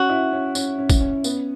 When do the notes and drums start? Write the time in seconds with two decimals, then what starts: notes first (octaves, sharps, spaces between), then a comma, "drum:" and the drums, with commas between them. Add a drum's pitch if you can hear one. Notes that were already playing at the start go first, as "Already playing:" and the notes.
Already playing: C#4 F#4
0.09 E4
0.33 C#4
0.55 C#4, drum: tambourine
0.79 C#4
0.90 drum: kick A1, tambourine
1.00 C#4
1.24 B3, drum: tambourine